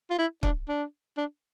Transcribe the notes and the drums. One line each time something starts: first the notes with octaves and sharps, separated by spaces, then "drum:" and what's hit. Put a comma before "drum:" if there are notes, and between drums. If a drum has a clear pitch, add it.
F4
E4
D4, drum: kick
D4
D4